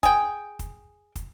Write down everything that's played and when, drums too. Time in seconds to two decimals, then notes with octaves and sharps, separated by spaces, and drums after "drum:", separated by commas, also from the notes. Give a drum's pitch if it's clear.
0.03 G#4 G5, drum: kick, hi-hat
0.59 drum: kick, hi-hat
1.15 drum: kick, hi-hat